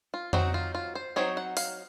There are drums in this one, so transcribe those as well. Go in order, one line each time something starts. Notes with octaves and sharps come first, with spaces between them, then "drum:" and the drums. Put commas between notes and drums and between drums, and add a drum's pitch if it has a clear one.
F4
F#3 C4 D#4 F#4, drum: tom F2
F4
F4
C5
F#3 C4 D#4 C#5
F#5
F5, drum: open hi-hat